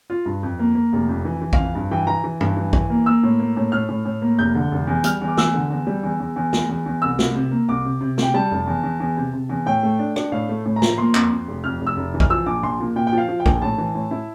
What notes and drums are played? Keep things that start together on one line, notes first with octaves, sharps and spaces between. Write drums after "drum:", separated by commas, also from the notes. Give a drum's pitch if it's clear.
F4
G2
F2
A#3
A#3
F1
F2
E3
E3
F5, drum: kick A#1
F2
G2
E3 G5
E3 A#5
E3
G2, drum: tom
E3
E3, drum: kick A#1
A#3
A#3 E6
A2
A#3
A2
A2 F6
A2
A2
A#3
F1 G6
D3
F1
E2
G3 F6, drum: hi-hat
E2
D6
E2 E6, drum: snare
D3
E2
G3
E2
E2
E2
E2, drum: snare
E2
E2
C2 E6
C2, drum: snare
C3
A#3
C2 D6
C3
C3
C3 G5, drum: snare
G3 A5
F1
E2
E2
E2
C3
C3
E2
A2 G5
A3
D4
D4, drum: rim click
A2 F5
A3
A2
A#5
F3, drum: snare
A#3 C6
F2, drum: clap
F2
F1
F2 F6
F1
E6
F1
E3
F6, drum: kick A#1
F3 E6
A#1 D6
A#1 C6
A#2
A#2 G5
G5
F3
F5
F3
G5
A#1, drum: kick A#1
A2 A5
E3
A2
E4